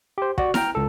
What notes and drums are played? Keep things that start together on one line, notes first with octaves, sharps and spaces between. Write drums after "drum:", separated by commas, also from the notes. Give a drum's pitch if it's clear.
G4 C5
F#4 D5, drum: kick
G5 A#5 F6, drum: snare E4
C#2 A4